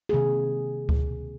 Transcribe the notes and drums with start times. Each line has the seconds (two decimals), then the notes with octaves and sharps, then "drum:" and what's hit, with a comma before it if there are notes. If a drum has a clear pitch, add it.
0.09 C3 D#3 A#3 G#4
0.89 drum: kick D2